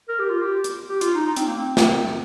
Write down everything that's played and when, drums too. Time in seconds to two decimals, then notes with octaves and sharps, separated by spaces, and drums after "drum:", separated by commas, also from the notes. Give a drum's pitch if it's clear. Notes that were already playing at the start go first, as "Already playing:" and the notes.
0.08 A#4
0.19 G4
0.30 F4
0.42 G4
0.64 drum: hi-hat
0.89 G4
1.01 F4, drum: hi-hat
1.15 D#4
1.26 D#4
1.36 C4, drum: hi-hat
1.47 A#3
1.57 C4
1.77 drum: snare